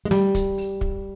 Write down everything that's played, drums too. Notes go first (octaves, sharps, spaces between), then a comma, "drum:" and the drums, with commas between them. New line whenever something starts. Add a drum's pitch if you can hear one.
G#3
G3, drum: snare
drum: kick, hi-hat
drum: open hi-hat
drum: kick